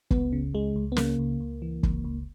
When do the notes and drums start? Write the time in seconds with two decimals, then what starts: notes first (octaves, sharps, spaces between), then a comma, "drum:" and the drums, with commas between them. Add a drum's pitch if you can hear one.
0.11 C#2 B3, drum: kick F#1
0.33 C#3
0.54 C#2 G#3
0.76 C#2
0.92 B3
0.96 C#3 A#3, drum: snare
1.19 C#2
1.40 C#2
1.62 E3
1.83 C#2, drum: kick F#1
2.04 C#2